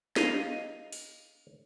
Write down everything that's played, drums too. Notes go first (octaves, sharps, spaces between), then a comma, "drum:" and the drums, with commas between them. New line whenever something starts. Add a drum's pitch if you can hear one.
D#5 F5, drum: snare
drum: open hi-hat